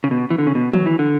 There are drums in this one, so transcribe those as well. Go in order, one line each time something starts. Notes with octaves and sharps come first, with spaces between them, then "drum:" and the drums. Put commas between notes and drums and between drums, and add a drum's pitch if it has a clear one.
C#3
B2
E3
D3
C#3
B2
F#3, drum: tom
E3
D3